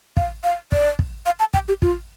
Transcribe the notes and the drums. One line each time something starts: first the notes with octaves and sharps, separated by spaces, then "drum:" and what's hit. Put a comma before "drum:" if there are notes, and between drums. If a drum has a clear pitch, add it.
F5, drum: kick
F5
D5, drum: kick
drum: kick
F5
A5
G5, drum: kick
G4
F4, drum: kick